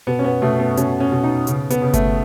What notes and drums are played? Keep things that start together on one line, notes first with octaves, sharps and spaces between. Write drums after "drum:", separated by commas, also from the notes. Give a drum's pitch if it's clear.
B2 B3
C#4
B3
B2 A3
B3
B2 C#4, drum: hi-hat
C#4
B2
D#4
C#3, drum: hi-hat
B3, drum: hi-hat
C#3
A3, drum: kick G1, hi-hat